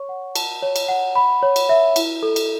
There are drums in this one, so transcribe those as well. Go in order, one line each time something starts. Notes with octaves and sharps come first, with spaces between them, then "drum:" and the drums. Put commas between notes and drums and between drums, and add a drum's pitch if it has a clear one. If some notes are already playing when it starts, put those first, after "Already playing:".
Already playing: C#5 C#6
F#5
A5, drum: cymbal
C#5
drum: cymbal
F#5
B5
C#5
drum: cymbal
E5
E4, drum: cymbal
A4
drum: cymbal